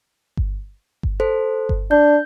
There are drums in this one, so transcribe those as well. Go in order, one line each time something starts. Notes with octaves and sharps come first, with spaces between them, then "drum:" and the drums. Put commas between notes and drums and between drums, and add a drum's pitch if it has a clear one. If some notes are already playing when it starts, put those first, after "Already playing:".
drum: kick G1
drum: kick G1
A4 C5
drum: kick G1
D4 G6